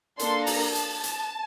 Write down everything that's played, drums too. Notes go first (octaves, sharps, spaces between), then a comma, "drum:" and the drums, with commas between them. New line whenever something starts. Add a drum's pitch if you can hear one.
A#3 D4 A4 C6, drum: hi-hat
A#5, drum: open hi-hat
A5, drum: hi-hat
drum: hi-hat